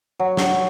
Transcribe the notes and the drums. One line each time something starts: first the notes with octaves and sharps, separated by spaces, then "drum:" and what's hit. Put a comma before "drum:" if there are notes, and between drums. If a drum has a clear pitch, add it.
F#3
drum: snare